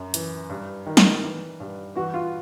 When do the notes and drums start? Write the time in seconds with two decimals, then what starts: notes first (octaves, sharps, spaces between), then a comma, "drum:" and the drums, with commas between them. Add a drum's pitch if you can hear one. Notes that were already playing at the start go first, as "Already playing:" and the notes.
Already playing: F#2
0.14 E3, drum: hi-hat
0.50 G2
0.86 D#3
0.97 drum: snare
1.23 E3
1.60 G2
1.95 E3 F#4
2.14 F4